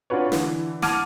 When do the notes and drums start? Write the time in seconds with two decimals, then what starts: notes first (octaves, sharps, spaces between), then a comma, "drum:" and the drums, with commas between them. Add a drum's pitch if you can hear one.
0.10 D4 F4 F#4 B4 C#5
0.32 D3 E3, drum: snare
0.82 F#5 A5 D6 F6 G#6 D#7, drum: snare